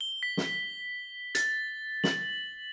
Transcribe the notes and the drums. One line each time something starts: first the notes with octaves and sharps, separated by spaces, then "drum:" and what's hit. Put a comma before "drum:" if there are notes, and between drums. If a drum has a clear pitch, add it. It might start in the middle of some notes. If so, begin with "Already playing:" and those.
G7
B6
drum: snare
A6, drum: hi-hat
F#7, drum: snare